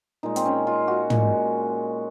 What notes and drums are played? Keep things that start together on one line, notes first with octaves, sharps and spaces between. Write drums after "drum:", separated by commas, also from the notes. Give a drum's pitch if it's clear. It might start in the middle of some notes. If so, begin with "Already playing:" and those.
A#2 G#3 D#4
C4, drum: hi-hat
C#4
F4
F#4
A#2 G#3, drum: tom